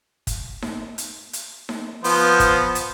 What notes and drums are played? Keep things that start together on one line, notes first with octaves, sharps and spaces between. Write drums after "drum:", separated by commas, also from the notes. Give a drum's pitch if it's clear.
drum: kick, hi-hat
drum: snare D#4
drum: hi-hat
drum: hi-hat
drum: snare D#4
F3 B3 C5, drum: open hi-hat
drum: kick, hi-hat
drum: hi-hat